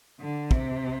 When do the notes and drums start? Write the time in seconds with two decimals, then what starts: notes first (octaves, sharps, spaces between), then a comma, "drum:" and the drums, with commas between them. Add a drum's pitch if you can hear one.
0.20 D3
0.51 C3, drum: kick